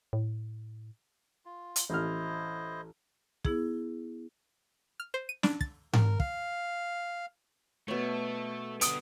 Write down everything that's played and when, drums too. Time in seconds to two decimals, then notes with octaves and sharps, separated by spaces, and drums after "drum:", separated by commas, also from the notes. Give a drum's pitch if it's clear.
0.13 A2
1.46 F4
1.76 drum: hi-hat
1.90 A1 E4 C5 D#5 F6
3.45 B3 E4 G#4, drum: kick
5.00 F6
5.14 C5
5.29 D#7
5.43 D4, drum: snare
5.61 A6, drum: kick
5.93 A#4, drum: tom G#2
6.20 F5, drum: kick
7.88 B2 A3 C#5
8.81 D3 B3 D#6 D7, drum: hi-hat